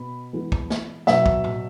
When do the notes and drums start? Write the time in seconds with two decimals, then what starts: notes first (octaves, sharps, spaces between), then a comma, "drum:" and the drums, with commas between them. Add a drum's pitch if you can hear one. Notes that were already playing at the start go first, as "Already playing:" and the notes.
Already playing: B2 B3 B5
0.33 E3 G#3 B3
0.52 drum: kick
0.70 drum: snare
1.07 B2 F#3 B3 E5, drum: snare
1.26 drum: kick
1.44 drum: tom A2